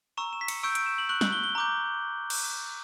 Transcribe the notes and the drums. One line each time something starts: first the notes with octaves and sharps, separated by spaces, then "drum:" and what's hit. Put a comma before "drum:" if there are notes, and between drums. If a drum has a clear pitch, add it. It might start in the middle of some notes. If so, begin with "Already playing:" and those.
A#5 C#6 E6 E7
E7
B6
C#7, drum: cymbal
C#6 E6 G6 D7
D7, drum: hi-hat
E7
F#7
C#6 F#6 F#7
F#7, drum: snare
G7
G7
A#5 D6 G6
drum: cymbal